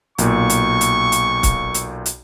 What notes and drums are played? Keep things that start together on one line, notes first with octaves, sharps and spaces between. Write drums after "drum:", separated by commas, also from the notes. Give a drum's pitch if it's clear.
B1 A#2 C#6, drum: hi-hat
drum: hi-hat
drum: hi-hat
drum: hi-hat
drum: kick C#1, hi-hat
drum: hi-hat
drum: hi-hat